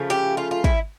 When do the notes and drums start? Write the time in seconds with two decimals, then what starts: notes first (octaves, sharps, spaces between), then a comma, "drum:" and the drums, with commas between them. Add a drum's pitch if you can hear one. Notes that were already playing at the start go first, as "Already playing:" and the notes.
Already playing: C#3 F3 A3
0.10 G4
0.37 F4
0.51 F4
0.64 E4, drum: kick